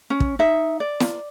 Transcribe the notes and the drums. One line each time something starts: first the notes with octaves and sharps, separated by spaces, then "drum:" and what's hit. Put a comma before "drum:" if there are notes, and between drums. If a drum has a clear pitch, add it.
C#4
drum: kick
D#4 E5
D5
drum: snare